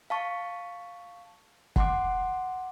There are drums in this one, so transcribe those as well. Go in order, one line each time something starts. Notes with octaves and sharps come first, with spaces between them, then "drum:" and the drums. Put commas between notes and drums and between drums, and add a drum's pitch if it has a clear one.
F5 A5 C#6
F#5 C6 D6, drum: kick